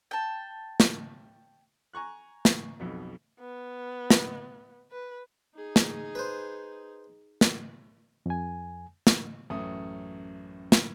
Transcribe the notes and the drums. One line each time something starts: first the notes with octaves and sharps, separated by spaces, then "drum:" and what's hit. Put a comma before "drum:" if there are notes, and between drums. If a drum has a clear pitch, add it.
G5 A5
drum: snare
G#5 A#5 C#6 F#6
drum: snare
B1 F2 B2
B3
drum: snare
B4
D#4 G#4
drum: snare
B4 C5
drum: snare
F2 G#5
drum: snare
A1 F#2 A3 D#6
drum: snare